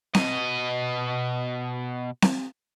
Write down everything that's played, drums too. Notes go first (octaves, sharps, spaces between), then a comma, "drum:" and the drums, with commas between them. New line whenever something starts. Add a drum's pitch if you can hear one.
B2 D#5, drum: snare C4
drum: snare C4